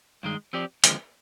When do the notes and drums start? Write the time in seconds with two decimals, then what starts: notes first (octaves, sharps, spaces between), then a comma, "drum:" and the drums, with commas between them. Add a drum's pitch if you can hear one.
0.23 G2 D#3 G#3
0.53 F3 C4 G4 D5
0.84 D#2 D3 F3 G#3 C4, drum: hi-hat